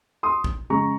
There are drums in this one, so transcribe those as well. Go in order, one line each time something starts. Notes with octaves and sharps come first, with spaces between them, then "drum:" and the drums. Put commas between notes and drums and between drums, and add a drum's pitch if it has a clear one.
C6 D#6
drum: kick
C#3 G#3 A#5 C#6